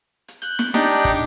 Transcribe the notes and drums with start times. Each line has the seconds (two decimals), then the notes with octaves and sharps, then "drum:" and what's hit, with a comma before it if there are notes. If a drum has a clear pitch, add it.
0.28 drum: hi-hat
0.42 F#6 G6, drum: hi-hat
0.59 drum: snare
0.74 D4 D#4 G4, drum: snare
0.89 drum: hi-hat
1.05 drum: kick, hi-hat